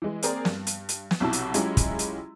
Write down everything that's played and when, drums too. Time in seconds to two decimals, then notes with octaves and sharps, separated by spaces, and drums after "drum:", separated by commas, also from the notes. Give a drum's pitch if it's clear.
0.02 E3 G#3
0.22 A#3 C4 G#4 A#4 D5, drum: hi-hat
0.45 G2, drum: snare
0.67 drum: hi-hat
0.89 drum: hi-hat
1.11 drum: snare
1.20 B1 C3 E4 F#4 A5 E6
1.33 drum: hi-hat
1.54 F#3 G#3 C#4 E4 F4 G4, drum: hi-hat
1.77 drum: kick, hi-hat
1.99 drum: hi-hat